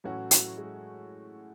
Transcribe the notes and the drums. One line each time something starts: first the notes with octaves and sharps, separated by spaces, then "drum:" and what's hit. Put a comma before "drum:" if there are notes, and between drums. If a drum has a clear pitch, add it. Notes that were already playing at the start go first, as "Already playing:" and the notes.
A2 E3 F#3 A3 C#4 F#4
F#3, drum: hi-hat
G#3